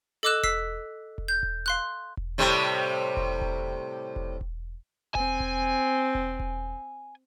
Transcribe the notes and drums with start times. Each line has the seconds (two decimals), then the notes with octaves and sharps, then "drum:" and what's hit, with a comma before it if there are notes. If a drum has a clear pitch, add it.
0.23 A4 D#5 D6 E6 F#6 E7
0.43 E6 B6 C7, drum: kick E1
1.18 drum: kick E1
1.28 G6
1.43 drum: kick E1
1.66 F5 C6 F#6
2.17 drum: kick E1
2.38 A2 C3 G3
3.17 drum: kick E1
3.42 drum: kick E1
4.16 drum: kick E1
4.41 drum: kick E1
5.15 C4 G#5, drum: kick E1
5.40 drum: kick E1
6.15 drum: kick E1
6.40 drum: kick E1